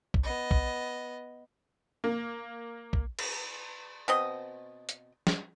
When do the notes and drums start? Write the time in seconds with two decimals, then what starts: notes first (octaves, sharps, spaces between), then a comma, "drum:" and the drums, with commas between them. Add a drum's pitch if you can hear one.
0.14 drum: kick
0.24 B3 D#5
0.51 drum: kick
2.04 A#3
2.93 drum: kick
3.19 drum: cymbal
4.08 B2 C4 D#5
4.89 drum: hi-hat
5.27 drum: snare